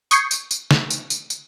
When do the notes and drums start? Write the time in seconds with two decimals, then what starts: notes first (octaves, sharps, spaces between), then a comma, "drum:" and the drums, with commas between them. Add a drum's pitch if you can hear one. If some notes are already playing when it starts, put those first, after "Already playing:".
0.11 C#6 D#6 G6 G#6 C7 C#7, drum: tambourine
0.31 drum: tambourine
0.51 drum: tambourine
0.71 drum: snare
0.90 drum: tambourine
1.10 drum: tambourine
1.30 drum: tambourine